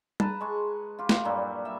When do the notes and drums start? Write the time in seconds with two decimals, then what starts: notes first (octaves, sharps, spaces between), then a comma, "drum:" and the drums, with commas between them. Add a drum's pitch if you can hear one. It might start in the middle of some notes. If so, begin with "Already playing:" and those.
0.20 B4 A5 A#5, drum: tom
0.41 G#3 C#6
0.99 F4 G4
1.09 drum: snare
1.25 G2 A#2 F#3 G3
1.65 E5